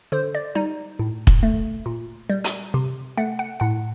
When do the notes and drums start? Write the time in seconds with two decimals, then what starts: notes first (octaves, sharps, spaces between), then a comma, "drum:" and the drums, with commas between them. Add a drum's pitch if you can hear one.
0.12 D3 C5
0.35 D5
0.55 G3 D#4
0.99 A2
1.27 drum: kick
1.43 A3
1.86 A#2
2.30 G3
2.44 drum: hi-hat
2.74 C3
3.18 A3 F#5
3.39 F#5
3.60 A2 F#5